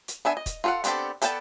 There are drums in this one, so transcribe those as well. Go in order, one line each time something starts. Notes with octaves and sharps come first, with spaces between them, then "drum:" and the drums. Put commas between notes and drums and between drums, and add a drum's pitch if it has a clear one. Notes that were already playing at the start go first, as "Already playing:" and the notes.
drum: hi-hat
B3 D4 E5 G#5
D#5
drum: kick, hi-hat
F4 A4 B4 F5 F#5
B3 C4 D4 G4 A4, drum: hi-hat
B3 A4 D5 G5 A5, drum: hi-hat